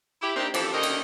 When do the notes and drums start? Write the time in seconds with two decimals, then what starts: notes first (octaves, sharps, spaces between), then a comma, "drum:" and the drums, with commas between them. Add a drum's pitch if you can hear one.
0.22 E4 G4
0.36 A#3 C4 D4 D#4 G4
0.54 E3 F3 C4 G4 A4, drum: cymbal
0.73 D#2 D3 A#4 D#5
0.83 drum: cymbal